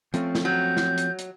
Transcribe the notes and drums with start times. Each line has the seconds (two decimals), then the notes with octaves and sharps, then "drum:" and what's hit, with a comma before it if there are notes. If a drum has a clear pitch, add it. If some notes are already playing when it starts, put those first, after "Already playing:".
0.14 F3 A3 C4 C#4, drum: hi-hat
0.35 drum: snare
0.45 F#3 G6
0.77 drum: snare
0.98 drum: hi-hat
1.19 drum: hi-hat